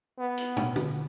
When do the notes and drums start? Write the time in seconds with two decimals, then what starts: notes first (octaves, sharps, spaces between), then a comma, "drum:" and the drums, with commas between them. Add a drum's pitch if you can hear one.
0.18 B3
0.37 drum: hi-hat
0.57 drum: tom
0.76 drum: tom